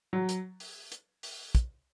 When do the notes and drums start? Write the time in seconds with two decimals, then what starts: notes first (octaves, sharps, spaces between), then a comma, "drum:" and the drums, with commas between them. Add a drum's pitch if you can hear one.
0.13 F#3
0.29 drum: hi-hat
0.60 drum: open hi-hat
0.92 drum: hi-hat
1.23 drum: open hi-hat
1.55 drum: kick, hi-hat